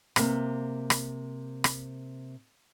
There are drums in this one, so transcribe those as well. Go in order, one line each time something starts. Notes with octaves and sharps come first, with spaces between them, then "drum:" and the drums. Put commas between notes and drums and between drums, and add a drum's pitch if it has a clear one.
C3 A#3, drum: rim click
drum: rim click
drum: rim click